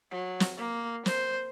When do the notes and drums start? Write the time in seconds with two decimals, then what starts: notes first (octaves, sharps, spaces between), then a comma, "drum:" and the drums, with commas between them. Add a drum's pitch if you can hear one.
0.11 F#3
0.40 drum: snare
0.57 A#3
1.06 C5, drum: snare